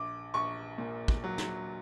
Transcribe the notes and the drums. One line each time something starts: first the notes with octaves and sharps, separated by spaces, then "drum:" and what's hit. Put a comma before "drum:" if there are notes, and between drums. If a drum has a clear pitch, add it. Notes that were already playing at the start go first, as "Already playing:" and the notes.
Already playing: A#1 D6
A#1 C#6
A#2
drum: kick
F#3
drum: snare